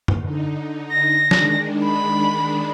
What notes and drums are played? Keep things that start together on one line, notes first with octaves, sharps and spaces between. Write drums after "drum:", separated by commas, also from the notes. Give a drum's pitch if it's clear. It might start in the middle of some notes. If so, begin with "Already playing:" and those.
drum: tom
D3 D#4
A#6
D#3 G#3 D4, drum: snare
B5